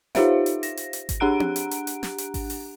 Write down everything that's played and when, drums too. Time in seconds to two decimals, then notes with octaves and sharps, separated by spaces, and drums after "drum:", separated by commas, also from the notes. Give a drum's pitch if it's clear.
0.15 D#4 F4 G4 C5 E5 F5, drum: snare
0.46 drum: hi-hat
0.63 A#6, drum: hi-hat
0.77 drum: hi-hat
0.93 drum: hi-hat
1.09 drum: kick G#1, hi-hat
1.20 D4 G4 F#5 A#5 F#6 D7
1.40 drum: tom C4
1.56 drum: hi-hat
1.71 drum: hi-hat
1.87 drum: hi-hat
2.03 drum: snare
2.18 drum: hi-hat
2.34 drum: kick G#1, open hi-hat
2.50 drum: open hi-hat